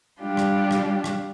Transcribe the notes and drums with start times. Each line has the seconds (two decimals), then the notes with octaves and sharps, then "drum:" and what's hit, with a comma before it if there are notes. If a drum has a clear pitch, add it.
0.21 G3 D4 F4 G4
0.37 drum: rim click
0.71 drum: rim click
1.04 drum: rim click